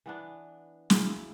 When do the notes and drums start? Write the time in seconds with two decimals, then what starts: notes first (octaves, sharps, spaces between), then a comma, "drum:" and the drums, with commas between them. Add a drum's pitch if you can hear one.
0.06 E3 B3 D4
0.90 C#3 F#3 E4, drum: snare